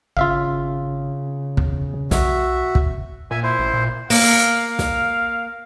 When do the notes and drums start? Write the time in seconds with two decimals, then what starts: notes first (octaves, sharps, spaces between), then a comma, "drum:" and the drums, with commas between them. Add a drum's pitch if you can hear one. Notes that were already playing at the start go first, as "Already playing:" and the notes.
0.17 G#1 C#3 F4 E5 F5
1.57 E2, drum: kick
2.11 B1 F#4 E5, drum: snare
2.75 drum: kick
3.31 A#2 E5 G#5
3.43 E4 C5
3.59 A1
3.74 A#2
4.10 A#3 F5, drum: open hi-hat
4.79 drum: snare